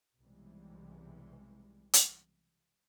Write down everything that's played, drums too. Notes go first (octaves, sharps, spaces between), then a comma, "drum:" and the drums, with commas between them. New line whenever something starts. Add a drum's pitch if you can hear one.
B1 C3 E3 G3 G#3
drum: hi-hat